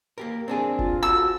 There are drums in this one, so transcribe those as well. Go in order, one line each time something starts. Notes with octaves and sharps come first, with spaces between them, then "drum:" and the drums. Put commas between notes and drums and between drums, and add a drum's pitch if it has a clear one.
A#3 G4 A#4
C4 D4 G#4
F4, drum: kick F#1
F#4 A4 E6